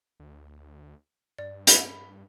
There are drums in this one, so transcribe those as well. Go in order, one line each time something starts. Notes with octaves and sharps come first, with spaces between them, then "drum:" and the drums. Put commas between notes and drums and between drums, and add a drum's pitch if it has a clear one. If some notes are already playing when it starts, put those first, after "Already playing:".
D2
G2 D5
B5, drum: hi-hat